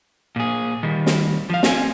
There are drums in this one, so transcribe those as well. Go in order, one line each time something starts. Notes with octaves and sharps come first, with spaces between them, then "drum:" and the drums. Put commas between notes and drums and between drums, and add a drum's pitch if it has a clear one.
A#2 G#4
D#3 G3
drum: snare
F3 F5
C4 G#5, drum: snare